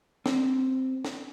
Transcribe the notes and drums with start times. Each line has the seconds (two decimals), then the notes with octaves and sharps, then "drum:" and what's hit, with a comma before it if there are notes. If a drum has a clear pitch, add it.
0.26 C4, drum: snare
1.05 drum: snare